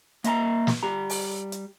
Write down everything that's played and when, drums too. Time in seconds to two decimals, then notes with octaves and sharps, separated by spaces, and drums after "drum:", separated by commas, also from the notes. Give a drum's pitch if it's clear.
0.24 A#3 D#5 E5 A5 A#5, drum: hi-hat
0.67 drum: snare
0.83 G3 G4 A#5
1.10 drum: open hi-hat
1.52 drum: hi-hat